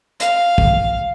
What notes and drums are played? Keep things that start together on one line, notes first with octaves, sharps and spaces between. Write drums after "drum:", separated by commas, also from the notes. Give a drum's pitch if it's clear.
F5, drum: hi-hat
drum: kick